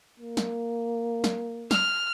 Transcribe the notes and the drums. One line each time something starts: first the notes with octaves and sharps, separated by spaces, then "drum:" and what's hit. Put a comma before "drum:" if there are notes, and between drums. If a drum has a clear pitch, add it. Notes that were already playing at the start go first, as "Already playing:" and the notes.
A#3
drum: snare
drum: snare
F6, drum: snare